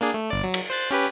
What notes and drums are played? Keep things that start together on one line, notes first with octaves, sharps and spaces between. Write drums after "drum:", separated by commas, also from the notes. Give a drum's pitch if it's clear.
A#3 D4 G#4
A3
G1 D5
F#3
drum: cymbal
C5 F#6 A6
C#4 G4 B4